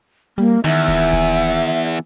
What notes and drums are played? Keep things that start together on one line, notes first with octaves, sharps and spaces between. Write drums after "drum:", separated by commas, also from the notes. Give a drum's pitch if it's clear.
G3 A#3
E2 D#3 E5
drum: kick D#1
drum: kick D#1